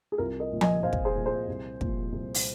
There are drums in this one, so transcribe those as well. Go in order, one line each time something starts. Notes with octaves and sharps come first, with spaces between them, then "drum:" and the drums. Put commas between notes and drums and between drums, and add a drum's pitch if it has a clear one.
G#4
C2 F4 A#4
A#4 D#5
A#2 F3
D#5 G#5, drum: tom F3
C2 C5 F5
drum: kick
G#4 C5
A#2 F3
G#4 C5
C2
A#2 F3, drum: kick
C2
drum: open hi-hat